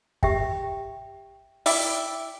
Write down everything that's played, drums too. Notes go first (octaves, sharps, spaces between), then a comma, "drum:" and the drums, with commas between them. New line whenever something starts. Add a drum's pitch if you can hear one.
G4 E5 G5, drum: kick
E4 D5 E5 G5, drum: open hi-hat